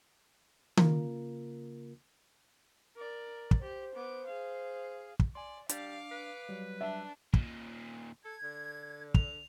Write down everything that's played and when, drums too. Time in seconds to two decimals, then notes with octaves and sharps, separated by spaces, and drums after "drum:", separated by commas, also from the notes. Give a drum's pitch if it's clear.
0.77 C#3 A#3 F4 A#4, drum: tom D#3
2.96 A#4 D5
3.51 drum: kick
3.62 G4 C5
3.95 B3 D6
4.26 G#4 F5
5.19 drum: kick
5.35 D5 G#5 C6
5.69 G3 D4 F5 D6, drum: hi-hat
6.11 B4
6.49 F#3 G3
6.81 D4 E5
7.34 D#2 A#2, drum: kick
8.24 A4 G#6
8.43 D3
9.14 F7, drum: kick